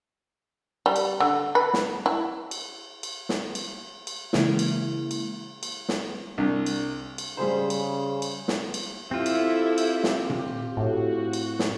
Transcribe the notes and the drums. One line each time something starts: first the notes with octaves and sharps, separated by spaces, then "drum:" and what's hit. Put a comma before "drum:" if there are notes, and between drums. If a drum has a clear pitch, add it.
G3
drum: cymbal
D3
B4
drum: snare
E4
drum: cymbal
drum: cymbal
drum: snare
drum: cymbal
drum: cymbal
C#3 E3 G#3 A#3 E4, drum: snare
drum: cymbal
drum: cymbal
drum: cymbal
drum: snare
C2 D4
drum: cymbal
drum: cymbal
C#3 G3 G#4 C5
drum: cymbal
drum: cymbal
drum: snare
drum: cymbal
C4 E4 F4 G4 A4 E5
drum: cymbal
drum: cymbal
drum: snare
drum: tom A#2
A2 F#4
drum: cymbal
drum: snare